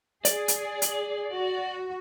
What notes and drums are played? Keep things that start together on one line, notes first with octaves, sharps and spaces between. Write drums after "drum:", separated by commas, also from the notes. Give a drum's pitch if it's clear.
G#4 D5, drum: hi-hat
drum: hi-hat
drum: hi-hat
F#4